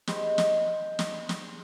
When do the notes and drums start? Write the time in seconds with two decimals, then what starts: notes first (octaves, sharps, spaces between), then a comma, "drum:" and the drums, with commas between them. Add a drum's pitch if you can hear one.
0.07 G#3 G4 B4 C5, drum: snare
0.38 drum: snare
0.99 drum: snare
1.29 drum: snare